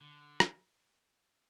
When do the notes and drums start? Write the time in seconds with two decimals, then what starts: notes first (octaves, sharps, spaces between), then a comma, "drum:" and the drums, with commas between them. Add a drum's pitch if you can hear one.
0.01 D3
0.40 drum: rim click